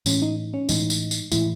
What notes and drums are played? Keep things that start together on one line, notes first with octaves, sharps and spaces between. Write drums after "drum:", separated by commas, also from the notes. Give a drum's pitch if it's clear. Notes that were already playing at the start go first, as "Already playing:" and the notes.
A2 E3 G#3 C#4, drum: tambourine
D#4
C#4
A2 E3 G#3 D#4, drum: tambourine
drum: tambourine
drum: tambourine
A2 E3 G#3 E4, drum: tambourine